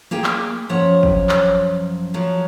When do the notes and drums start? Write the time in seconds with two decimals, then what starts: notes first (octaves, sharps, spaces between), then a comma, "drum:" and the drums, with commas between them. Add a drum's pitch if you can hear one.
0.11 A#3 G4 G#4 G5
0.24 drum: clap
0.69 F#2 F3 C#5 F#5
1.03 drum: kick
1.29 drum: clap
2.14 F3 F#3